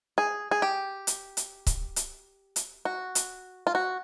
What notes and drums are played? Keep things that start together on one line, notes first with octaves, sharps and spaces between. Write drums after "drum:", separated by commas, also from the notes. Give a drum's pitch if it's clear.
G#4
G#4
G4
drum: hi-hat
drum: hi-hat
drum: kick C#1, hi-hat
drum: hi-hat
drum: hi-hat
F#4
drum: hi-hat
F4
F#4